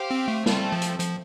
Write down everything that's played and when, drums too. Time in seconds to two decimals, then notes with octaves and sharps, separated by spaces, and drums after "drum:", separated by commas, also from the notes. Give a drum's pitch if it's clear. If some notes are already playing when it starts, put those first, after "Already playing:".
Already playing: G4 C5 F5
0.11 C4
0.28 A3
0.46 G3 A3 C4 F4 A4, drum: snare
0.72 F3
0.82 drum: hi-hat
1.00 F3, drum: hi-hat